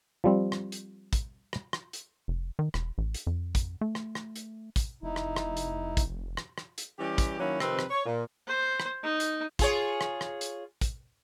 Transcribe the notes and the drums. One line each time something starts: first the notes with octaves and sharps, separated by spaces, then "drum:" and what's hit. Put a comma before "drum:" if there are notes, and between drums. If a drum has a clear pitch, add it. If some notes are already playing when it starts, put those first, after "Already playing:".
F3 G3 C4
drum: rim click
drum: hi-hat
drum: kick, hi-hat
drum: rim click
drum: rim click
drum: hi-hat
F1
D#3
E1, drum: rim click
A1
drum: hi-hat
F2
drum: kick, hi-hat
A3
drum: rim click
drum: rim click
drum: hi-hat
drum: kick, hi-hat
F1 D#4 E4
drum: rim click
drum: rim click
drum: hi-hat
drum: kick, hi-hat
drum: rim click
drum: rim click
drum: hi-hat
E3 G3 C#4 G4
drum: kick, hi-hat
D#3 F#3 A#3 C#4 E4
C3 D#3 F3 C4 B4, drum: rim click
drum: rim click
C#5
A#2
C5
drum: rim click
D#4
drum: hi-hat
F4 G#4 C#5, drum: kick, hi-hat
drum: rim click
drum: rim click
drum: hi-hat
drum: kick, hi-hat